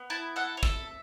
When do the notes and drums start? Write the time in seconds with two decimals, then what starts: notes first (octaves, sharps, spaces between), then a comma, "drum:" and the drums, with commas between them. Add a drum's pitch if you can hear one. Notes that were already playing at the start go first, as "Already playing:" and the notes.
Already playing: B3
0.10 E4 A5
0.36 A4 F#5
0.57 C#5
0.63 A4 E5, drum: kick